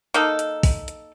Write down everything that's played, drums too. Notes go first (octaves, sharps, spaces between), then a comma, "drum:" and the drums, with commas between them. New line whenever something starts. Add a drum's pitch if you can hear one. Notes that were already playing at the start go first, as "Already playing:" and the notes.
A#3 D#4 A4, drum: hi-hat
drum: hi-hat
drum: kick A#1, open hi-hat
drum: hi-hat